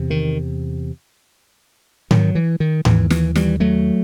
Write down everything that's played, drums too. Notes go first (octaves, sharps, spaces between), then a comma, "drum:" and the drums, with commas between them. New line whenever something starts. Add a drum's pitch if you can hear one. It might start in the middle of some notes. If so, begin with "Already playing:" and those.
Already playing: E2 C3
D#3
D#3 F#3, drum: tom G#2
E3
D#3
D#2 E3, drum: tom G#2
E3, drum: snare
E3 G3, drum: snare
F#3 A3